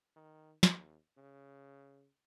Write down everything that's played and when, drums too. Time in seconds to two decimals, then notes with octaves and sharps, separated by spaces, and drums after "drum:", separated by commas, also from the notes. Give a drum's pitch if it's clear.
0.16 D#3
0.63 D#2, drum: snare
1.17 C#3